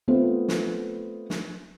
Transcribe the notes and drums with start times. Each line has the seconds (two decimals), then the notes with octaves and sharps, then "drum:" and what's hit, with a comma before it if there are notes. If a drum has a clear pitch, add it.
0.08 A3 B3 C4 F4 C5
0.48 drum: snare
1.30 drum: snare